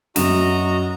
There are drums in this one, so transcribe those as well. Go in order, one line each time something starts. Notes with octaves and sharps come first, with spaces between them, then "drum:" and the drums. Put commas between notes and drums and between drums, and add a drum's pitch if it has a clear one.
F#2 F#4 D#5 A#5 E7, drum: snare